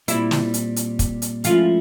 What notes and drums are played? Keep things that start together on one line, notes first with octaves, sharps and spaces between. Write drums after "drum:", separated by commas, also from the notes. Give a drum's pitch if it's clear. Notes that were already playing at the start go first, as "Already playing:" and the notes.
A#2 G3 C4 E4, drum: hi-hat
drum: snare
drum: hi-hat
drum: hi-hat
drum: kick, hi-hat
drum: hi-hat
G#2 F3 A3 C#4 E4 F4, drum: hi-hat